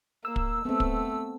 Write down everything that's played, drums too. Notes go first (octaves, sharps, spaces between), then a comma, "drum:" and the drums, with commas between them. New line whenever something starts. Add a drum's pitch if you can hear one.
A#3 E6
drum: kick
A3 B3 C4
drum: kick